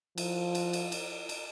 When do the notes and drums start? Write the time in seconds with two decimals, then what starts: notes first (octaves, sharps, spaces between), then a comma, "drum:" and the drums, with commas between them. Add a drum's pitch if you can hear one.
0.18 F3, drum: cymbal
0.55 drum: cymbal
0.73 drum: cymbal
0.92 drum: cymbal
1.29 drum: cymbal